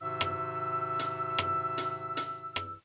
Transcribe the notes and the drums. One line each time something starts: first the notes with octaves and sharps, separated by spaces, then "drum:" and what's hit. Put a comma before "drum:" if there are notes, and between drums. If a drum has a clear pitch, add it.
G#2 C3 D#3 F#4 E5 E6
drum: rim click
drum: hi-hat
drum: rim click
drum: hi-hat
drum: hi-hat
drum: rim click